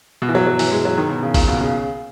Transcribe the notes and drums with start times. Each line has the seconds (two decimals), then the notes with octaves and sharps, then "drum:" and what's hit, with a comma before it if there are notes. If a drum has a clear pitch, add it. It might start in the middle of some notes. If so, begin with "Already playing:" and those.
0.22 B2
0.29 E3
0.35 F#3
0.47 F#3
0.59 E3, drum: open hi-hat
0.72 G#3
0.85 F#3
0.97 D#3
1.09 B2
1.23 C#3
1.34 A#2, drum: kick, open hi-hat
1.48 B2
1.61 C#3